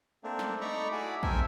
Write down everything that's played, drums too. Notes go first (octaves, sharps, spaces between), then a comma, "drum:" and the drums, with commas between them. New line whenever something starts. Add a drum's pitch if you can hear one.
A3 A#3 C4 D4
drum: snare
A3 D#4 D5 A#5 B5 C#6
E4 F#4 G#4 D5 B5
C4 A4 A#4 E5 G#5, drum: kick